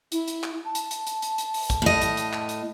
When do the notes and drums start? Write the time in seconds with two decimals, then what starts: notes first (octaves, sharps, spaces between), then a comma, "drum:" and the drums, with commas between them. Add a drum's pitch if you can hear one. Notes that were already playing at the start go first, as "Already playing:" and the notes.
0.12 E4, drum: hi-hat
0.28 drum: hi-hat
0.43 drum: clap
0.65 A5
0.75 drum: hi-hat
0.91 drum: hi-hat
1.07 drum: hi-hat
1.22 drum: hi-hat
1.38 drum: hi-hat
1.54 drum: open hi-hat
1.70 drum: kick, hi-hat
1.82 A2 D#5
2.01 drum: hi-hat
2.17 drum: hi-hat
2.33 drum: clap
2.49 drum: hi-hat